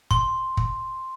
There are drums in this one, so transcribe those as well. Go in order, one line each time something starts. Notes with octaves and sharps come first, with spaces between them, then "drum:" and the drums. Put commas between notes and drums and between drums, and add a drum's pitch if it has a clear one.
C6, drum: kick
drum: kick